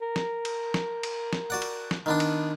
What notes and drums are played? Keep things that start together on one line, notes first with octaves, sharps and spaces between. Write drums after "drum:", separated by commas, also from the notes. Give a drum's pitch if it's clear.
A#4
drum: snare
drum: cymbal
drum: snare
drum: cymbal
drum: snare
F#4 D5 F#5
drum: cymbal
drum: snare
D#3 B3 D4
drum: cymbal